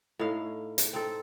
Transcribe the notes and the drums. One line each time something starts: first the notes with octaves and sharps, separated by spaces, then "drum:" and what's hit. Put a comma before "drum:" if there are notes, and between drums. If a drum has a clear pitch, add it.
A2 D#4 F5
drum: hi-hat
C4 D#4 A4